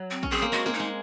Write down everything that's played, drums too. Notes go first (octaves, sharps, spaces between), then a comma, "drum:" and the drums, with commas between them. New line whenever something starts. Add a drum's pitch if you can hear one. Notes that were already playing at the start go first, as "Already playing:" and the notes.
Already playing: F#3
C4
C#4, drum: kick
C4 G#4
A#3
G#3 F#4
A#3, drum: snare
D#4
G#3